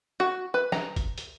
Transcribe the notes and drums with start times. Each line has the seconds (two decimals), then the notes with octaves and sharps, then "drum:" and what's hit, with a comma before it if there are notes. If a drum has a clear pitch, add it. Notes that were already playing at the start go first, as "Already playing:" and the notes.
0.20 F#4
0.54 B4
0.72 A#5, drum: snare
0.96 drum: kick G1, hi-hat
1.18 drum: hi-hat